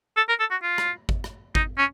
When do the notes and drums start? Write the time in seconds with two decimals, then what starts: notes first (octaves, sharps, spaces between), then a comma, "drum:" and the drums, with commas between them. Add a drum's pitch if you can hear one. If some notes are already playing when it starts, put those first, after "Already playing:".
0.17 A4
0.29 A#4
0.40 A4
0.51 F#4
0.63 F4
0.78 drum: rim click
1.09 drum: kick
1.24 drum: rim click
1.55 D#4, drum: kick
1.78 C#4